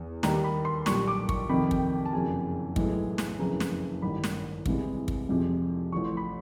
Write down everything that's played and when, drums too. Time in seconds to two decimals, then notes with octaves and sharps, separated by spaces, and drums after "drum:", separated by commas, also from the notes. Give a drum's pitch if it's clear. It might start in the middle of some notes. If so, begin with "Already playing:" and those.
Already playing: E2
0.23 D#2 D#3 G3 A#5, drum: snare
0.44 B5
0.65 C6
0.86 B1 A#2 G3 C#6, drum: snare
1.08 D6
1.29 C#6, drum: kick
1.49 F2 C3 D#3 B5
1.71 G5, drum: kick
2.06 A5
2.13 F#1 F2 C#3 F#3 G#5
2.76 B1 A2 E3 G#3, drum: kick
3.18 drum: snare
3.39 F#1 F2 C#3 E3 A#5
3.60 drum: snare
4.02 A1 G2 D#3 B5
4.24 drum: snare
4.66 C2 C3 E3 G#3, drum: kick
5.08 drum: kick
5.29 F1 F2 C3 F3 G#3
5.92 A1 A2 F3 C#6
6.05 C6
6.17 B5